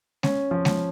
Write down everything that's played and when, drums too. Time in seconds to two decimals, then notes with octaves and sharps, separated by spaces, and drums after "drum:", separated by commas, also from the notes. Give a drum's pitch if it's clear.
0.23 C#4, drum: snare G#3
0.51 F3
0.65 drum: snare G#3